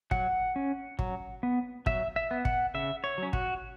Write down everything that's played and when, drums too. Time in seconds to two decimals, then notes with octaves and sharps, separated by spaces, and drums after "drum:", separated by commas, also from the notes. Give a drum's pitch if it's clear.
0.11 F#3 F#5, drum: kick
0.56 C#4
0.99 F#3, drum: kick
1.43 B3
1.86 F#3 E5, drum: kick
2.16 E5
2.31 B3
2.45 F#5, drum: kick
2.74 C#3 E5
3.04 C#5
3.18 F#3 C#4
3.33 F#4, drum: kick